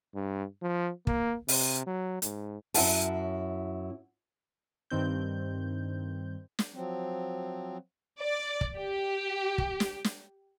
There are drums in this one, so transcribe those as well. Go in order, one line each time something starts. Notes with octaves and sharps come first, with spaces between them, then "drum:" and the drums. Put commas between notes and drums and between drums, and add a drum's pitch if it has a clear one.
G2
F3
A#3, drum: kick
C3, drum: open hi-hat
F#3
G#2, drum: hi-hat
F#2 E4 F#5 A5, drum: open hi-hat
G2 D#3 C4 G6
drum: snare
F3 F#3 C4
D5
drum: kick
G4
drum: kick
drum: snare
drum: snare